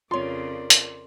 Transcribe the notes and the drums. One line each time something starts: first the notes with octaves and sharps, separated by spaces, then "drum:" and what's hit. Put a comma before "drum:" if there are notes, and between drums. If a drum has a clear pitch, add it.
F2 C#3 F4 A#4 C#5 D5 C6
drum: hi-hat